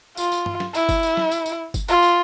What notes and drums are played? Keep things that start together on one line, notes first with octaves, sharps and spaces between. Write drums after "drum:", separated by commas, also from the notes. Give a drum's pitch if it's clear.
F4, drum: tambourine
drum: tambourine
drum: tom G2
drum: snare
E4, drum: tambourine
drum: kick, tambourine
drum: tambourine
drum: snare
drum: tambourine
drum: tambourine
drum: kick, tambourine
F4, drum: tambourine
drum: tambourine